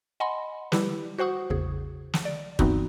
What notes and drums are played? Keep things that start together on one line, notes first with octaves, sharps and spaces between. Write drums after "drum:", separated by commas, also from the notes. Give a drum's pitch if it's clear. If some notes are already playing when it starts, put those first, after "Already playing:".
D#5 F#5 G#5 B5 C6
G3 E4 G4 B4, drum: snare
F#4 C5 F#5 C#6 D#6
A1 E2 C#3 G#4
drum: snare
D5
G2 E3 B3 C4 D#4 F#4, drum: kick